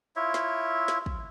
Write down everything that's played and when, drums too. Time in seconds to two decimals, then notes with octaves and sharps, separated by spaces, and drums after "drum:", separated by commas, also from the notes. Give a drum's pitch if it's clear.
0.16 E4 F4 C#5 E5
0.34 drum: snare
0.88 drum: snare
1.06 drum: kick